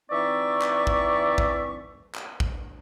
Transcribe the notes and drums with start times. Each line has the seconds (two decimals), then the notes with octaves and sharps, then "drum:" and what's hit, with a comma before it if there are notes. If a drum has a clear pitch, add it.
0.10 E3 C4 D#4 D5 E5 C#6
0.61 drum: clap
0.87 drum: kick
1.38 drum: kick
2.15 drum: clap
2.40 drum: kick